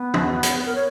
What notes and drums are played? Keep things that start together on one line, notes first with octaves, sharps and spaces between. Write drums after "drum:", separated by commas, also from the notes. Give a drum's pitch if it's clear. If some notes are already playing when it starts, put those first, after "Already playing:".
Already playing: B3
drum: tom
drum: hi-hat
A#4
C#5